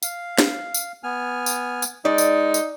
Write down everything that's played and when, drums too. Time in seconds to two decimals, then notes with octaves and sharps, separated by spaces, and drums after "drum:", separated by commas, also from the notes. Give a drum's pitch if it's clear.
0.03 F5, drum: tambourine
0.38 drum: snare
0.74 drum: tambourine
1.03 B3 G#5 F6
1.46 drum: tambourine
1.82 drum: tambourine
2.05 G#3 D#4 D5
2.18 drum: tambourine
2.54 drum: tambourine